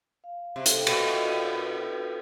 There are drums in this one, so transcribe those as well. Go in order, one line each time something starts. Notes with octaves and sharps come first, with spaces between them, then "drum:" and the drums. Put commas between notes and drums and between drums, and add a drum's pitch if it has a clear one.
F5
F5
C3
A4, drum: hi-hat
G5
B2 F5, drum: cymbal
E5
D5
C5
B4
A4
B4